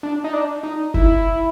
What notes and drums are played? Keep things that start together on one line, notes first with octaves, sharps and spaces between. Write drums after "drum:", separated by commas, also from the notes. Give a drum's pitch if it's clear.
D4
D#4
D4
D#4
E4, drum: kick